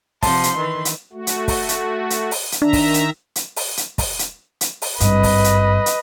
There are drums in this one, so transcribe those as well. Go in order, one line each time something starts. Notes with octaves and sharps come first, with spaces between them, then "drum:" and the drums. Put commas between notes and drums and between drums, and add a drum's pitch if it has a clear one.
C3 F3 F#5 A5 C6, drum: kick, open hi-hat
drum: hi-hat
D#3 E3 B4
drum: hi-hat
A3 F#4
drum: hi-hat
drum: kick, open hi-hat
drum: hi-hat
drum: hi-hat
drum: open hi-hat
drum: hi-hat
D#3 D4 E5 A#5
drum: kick, open hi-hat
drum: hi-hat
drum: hi-hat
drum: open hi-hat
drum: hi-hat
drum: kick, open hi-hat
drum: hi-hat
drum: hi-hat
drum: open hi-hat
G#1 G2 B4 D#5, drum: hi-hat
drum: kick, open hi-hat
drum: hi-hat
drum: hi-hat